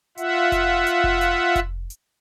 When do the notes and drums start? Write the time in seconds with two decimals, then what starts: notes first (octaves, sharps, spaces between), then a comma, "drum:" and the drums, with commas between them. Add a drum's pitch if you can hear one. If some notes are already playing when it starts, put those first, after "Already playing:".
0.17 F4 E5 F#5, drum: hi-hat
0.52 drum: kick F1, hi-hat
0.87 drum: hi-hat
1.04 drum: kick F1
1.21 drum: hi-hat
1.56 drum: kick F1, hi-hat
1.90 drum: hi-hat